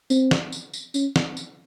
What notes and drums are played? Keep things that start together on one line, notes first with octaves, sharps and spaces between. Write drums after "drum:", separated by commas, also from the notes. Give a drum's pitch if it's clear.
C4, drum: tambourine
drum: snare
drum: tambourine
drum: tambourine
C#4, drum: tambourine
drum: snare
drum: tambourine